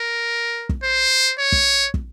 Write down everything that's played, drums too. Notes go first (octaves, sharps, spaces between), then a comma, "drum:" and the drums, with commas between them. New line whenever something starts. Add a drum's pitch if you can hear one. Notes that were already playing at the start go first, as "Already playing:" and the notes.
Already playing: A#4
drum: kick
C5
C#5
drum: kick
drum: kick